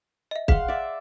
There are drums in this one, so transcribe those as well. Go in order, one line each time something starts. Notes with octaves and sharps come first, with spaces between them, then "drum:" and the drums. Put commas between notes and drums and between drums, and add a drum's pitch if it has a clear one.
D#5 E5
G#4 F5 F#5 C6 B6, drum: kick
D5 E5